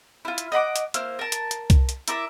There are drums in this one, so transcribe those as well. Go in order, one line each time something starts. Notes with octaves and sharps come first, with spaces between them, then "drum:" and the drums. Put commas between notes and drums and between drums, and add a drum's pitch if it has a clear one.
E4 F4
drum: hi-hat
D#5 F#5 B5 D6
drum: hi-hat
A#3 E4 C5 F6, drum: hi-hat
A#4 A5
drum: hi-hat
drum: hi-hat
drum: kick C2, hi-hat
drum: hi-hat
E4 A#4 D5 E5, drum: hi-hat